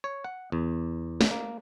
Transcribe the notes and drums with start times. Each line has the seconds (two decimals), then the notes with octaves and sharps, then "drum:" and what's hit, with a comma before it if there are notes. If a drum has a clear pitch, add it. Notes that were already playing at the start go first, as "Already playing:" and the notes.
0.04 C#5
0.24 F#5
0.52 E2
1.21 drum: snare
1.31 A#3